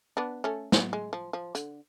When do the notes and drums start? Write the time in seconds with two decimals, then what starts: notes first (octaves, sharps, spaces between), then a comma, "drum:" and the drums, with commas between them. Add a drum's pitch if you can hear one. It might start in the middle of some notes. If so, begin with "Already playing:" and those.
0.17 B3 D4
0.44 A3 C#4
0.72 B3, drum: snare
0.93 G#3
1.13 F3
1.33 F3
1.55 D3, drum: hi-hat